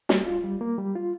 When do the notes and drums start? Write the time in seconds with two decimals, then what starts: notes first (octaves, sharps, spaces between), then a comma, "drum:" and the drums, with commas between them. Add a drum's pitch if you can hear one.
0.09 G3, drum: snare
0.26 F4
0.44 G3
0.61 A#3
0.78 G3
0.95 F4